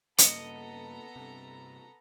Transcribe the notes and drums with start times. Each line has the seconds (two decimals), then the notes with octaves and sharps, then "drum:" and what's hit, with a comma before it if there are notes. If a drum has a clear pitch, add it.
0.18 G2 C#3 A#3 B3 A4 D#5 A#5 C#7, drum: hi-hat
1.16 G2 C3